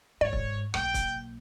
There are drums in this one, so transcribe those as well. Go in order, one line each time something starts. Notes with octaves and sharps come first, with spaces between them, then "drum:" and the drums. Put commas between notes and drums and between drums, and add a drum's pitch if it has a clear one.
G#2 C#5 D5
drum: kick
B1 A#3 G5, drum: rim click
drum: kick, hi-hat